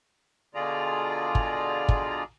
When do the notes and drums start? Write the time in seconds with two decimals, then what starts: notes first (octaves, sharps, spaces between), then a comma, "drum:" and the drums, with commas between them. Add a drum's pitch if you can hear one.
0.55 B2 D3 F4 G#4 D5 A#5
1.35 drum: kick
1.88 drum: kick